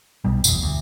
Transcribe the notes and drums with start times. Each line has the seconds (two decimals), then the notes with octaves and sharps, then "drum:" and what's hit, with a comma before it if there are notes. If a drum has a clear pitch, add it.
0.24 B1 B2 G3
0.44 F#1 E2, drum: tambourine
0.63 D2